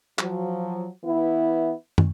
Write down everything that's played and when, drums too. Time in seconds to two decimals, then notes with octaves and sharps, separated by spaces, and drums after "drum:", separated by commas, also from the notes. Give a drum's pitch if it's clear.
0.19 F3 F#3, drum: clap
1.04 E3 B3 E4
1.98 drum: tom